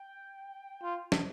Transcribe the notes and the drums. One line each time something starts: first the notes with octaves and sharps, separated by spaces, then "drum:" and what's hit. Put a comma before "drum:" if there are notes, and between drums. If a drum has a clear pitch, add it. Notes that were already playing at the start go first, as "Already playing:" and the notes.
Already playing: G5
F4
drum: snare